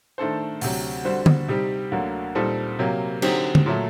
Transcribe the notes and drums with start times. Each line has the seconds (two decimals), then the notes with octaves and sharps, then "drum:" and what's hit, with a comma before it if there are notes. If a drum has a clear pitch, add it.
0.18 D#3 A3 D4 A4 C5
0.61 D2 C3 F#3, drum: open hi-hat
1.04 D3 G3 C4 F#4 C5
1.26 drum: tom D3
1.48 C3 G3 C4 D#4 G4
1.92 D2 D3 F#3 A#3
2.35 A#2 G3 C4 D#4 A4
2.79 C3 F#3 A#3
3.22 D3 F#3 C4 D#4 G4, drum: cymbal
3.55 drum: tom D3
3.66 A#2 F#3 A3